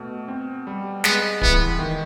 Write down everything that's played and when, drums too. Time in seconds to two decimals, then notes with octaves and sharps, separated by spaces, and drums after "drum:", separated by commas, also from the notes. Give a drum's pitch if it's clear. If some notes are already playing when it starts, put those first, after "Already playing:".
Already playing: B2 A3
0.28 C4
0.67 G3
1.04 G#3 B3, drum: snare
1.41 E3 B3, drum: kick
1.79 D#3